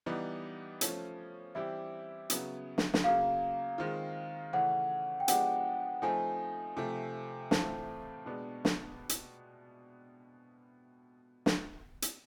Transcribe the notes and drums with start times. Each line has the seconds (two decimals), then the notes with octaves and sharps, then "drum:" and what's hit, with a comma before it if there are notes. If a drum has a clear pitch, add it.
0.06 E3 G3 B3 D#4
0.81 F3 A3 C#4, drum: hi-hat
1.55 E3 G3 C4 E4 G4 E5
2.30 C#3 F#3 B3, drum: hi-hat
2.78 drum: snare
2.94 drum: snare
3.04 C#3 F#3 A#3 F5
3.78 D#3 G#3 C4 F4
4.53 C#3 E3 A3 C#4 F#5
5.20 G5
5.28 F3 G#3 B3 D4 G4 F#5, drum: hi-hat
6.02 F3 A3 C4 D#4 G#5
6.77 C3 F3 A3
7.51 A2 E3 A3 C4 F4 A5, drum: snare
8.26 B2 G#3 B3 D4
8.65 drum: snare
9.09 drum: hi-hat
11.46 drum: snare
12.02 drum: hi-hat